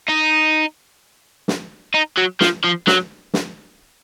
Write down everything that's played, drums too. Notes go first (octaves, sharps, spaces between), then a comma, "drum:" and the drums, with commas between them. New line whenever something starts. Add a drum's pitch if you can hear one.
D#4
drum: snare
D#4
F#3
F3, drum: snare
F3
F#3, drum: snare
drum: snare